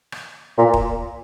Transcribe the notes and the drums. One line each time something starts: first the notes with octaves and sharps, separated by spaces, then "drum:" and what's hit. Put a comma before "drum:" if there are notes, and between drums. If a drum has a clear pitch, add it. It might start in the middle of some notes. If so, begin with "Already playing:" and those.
drum: rim click
A#2
drum: kick